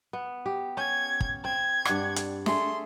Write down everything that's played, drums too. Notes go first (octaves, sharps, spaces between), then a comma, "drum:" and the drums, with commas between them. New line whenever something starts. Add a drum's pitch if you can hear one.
B3
G4
C#4 G#6
drum: kick
C4 G#6
G2 D5 F#5, drum: rim click
drum: hi-hat
A3 G#4 A4 C6, drum: snare